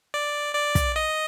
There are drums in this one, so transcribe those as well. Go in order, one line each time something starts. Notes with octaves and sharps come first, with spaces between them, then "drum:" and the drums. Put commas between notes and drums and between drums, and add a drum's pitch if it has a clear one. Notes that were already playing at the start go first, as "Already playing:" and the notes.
D5
D5
drum: kick, hi-hat
D#5